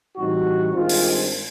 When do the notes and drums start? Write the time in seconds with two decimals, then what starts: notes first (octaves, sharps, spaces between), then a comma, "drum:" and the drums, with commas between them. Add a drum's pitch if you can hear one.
0.16 A2 E3 G3 C4 D#4 F#4
0.74 G2 D#3 G#3 C4 F4
0.89 drum: open hi-hat